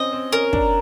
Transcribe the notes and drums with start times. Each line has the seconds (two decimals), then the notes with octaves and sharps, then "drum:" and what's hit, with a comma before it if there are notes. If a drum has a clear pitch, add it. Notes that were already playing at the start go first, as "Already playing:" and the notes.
Already playing: C4 C#4 D#5
0.13 C4
0.33 C#4 A#4
0.53 D4, drum: kick